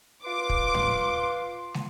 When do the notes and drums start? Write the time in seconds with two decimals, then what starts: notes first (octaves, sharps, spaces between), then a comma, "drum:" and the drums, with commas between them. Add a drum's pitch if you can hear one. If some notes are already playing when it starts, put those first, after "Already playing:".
0.25 F4 B4 C6 D6
0.49 drum: kick
0.74 drum: tom
1.74 drum: snare